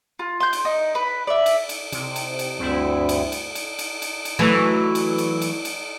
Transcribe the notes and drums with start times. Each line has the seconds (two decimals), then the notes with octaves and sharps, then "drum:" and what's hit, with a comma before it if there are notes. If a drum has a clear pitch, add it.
0.19 F4
0.40 C6 G6
0.53 drum: cymbal
0.65 D#4
0.95 B4
1.27 D5 E5
1.46 drum: cymbal
1.69 drum: cymbal
1.92 C3, drum: cymbal
2.16 drum: cymbal
2.39 drum: cymbal
2.59 D2 G2 C4 E4
3.09 drum: cymbal
3.32 drum: cymbal
3.55 drum: cymbal
3.79 drum: cymbal
4.02 drum: cymbal
4.25 drum: cymbal
4.39 E3 F#3 A3
4.95 drum: cymbal
5.18 drum: cymbal
5.42 drum: cymbal
5.65 drum: cymbal